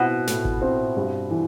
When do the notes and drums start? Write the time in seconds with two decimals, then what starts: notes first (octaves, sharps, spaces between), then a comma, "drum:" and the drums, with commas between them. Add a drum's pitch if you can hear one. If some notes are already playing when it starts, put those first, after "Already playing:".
Already playing: B2 C4 E4
0.27 A2, drum: snare
0.45 drum: kick G#1
0.62 C4
0.97 G2
1.31 E3